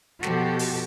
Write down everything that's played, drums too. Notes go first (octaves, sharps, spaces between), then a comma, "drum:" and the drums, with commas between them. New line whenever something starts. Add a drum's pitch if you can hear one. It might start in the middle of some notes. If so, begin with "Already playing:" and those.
B2 F3 F#4 G4 A4, drum: snare
drum: open hi-hat